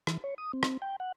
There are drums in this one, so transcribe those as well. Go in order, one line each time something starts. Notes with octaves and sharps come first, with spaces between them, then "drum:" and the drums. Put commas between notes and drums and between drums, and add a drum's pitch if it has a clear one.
E3, drum: rim click
C#5
D#6
C4
drum: rim click
G5
F#5